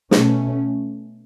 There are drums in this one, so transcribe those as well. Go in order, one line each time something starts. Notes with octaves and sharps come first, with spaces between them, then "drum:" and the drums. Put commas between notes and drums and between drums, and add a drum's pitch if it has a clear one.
B2 A3 C#4, drum: snare